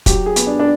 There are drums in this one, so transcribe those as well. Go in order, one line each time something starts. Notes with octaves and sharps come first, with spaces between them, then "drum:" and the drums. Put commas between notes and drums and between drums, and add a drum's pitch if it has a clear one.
F#3 G4, drum: kick, hi-hat
G#4
B3, drum: hi-hat
D4
D4